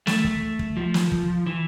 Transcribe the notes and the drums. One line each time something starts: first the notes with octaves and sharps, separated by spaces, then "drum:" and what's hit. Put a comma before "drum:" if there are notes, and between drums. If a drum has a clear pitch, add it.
A3, drum: snare
drum: kick
drum: kick
F3
drum: snare
drum: kick
E3